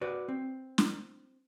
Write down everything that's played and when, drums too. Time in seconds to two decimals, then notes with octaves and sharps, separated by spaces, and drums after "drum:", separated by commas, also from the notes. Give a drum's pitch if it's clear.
0.01 F#4 B4 D5
0.28 C4
0.78 drum: snare